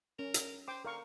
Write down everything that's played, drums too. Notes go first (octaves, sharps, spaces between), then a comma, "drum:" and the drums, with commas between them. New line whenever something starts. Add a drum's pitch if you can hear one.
C#4 A#4
drum: hi-hat
C5 G5 D6
D3 A#4 F5 C#6